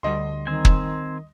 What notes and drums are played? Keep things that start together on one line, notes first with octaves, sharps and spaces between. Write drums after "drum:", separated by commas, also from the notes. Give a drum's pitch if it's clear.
D2 D3 G3 D#5 C6
D#3 C4 G#5
drum: kick